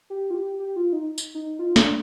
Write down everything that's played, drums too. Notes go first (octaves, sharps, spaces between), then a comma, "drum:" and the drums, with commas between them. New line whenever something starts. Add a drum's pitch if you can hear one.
G4
F4
G4
G4
F4
D#4
drum: tambourine
D#4
F4
D4, drum: snare